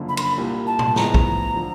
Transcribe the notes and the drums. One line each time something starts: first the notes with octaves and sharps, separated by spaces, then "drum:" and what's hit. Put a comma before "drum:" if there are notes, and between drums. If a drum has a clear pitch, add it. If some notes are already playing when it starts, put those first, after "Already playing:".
Already playing: F#1 F2 D3 F3 A#3
B5
C6, drum: cymbal
B5
C2 A#2 G3 A#3
A5
drum: tom A2
A2 F3 G#3 B3 A#5, drum: snare
drum: kick
D3 F3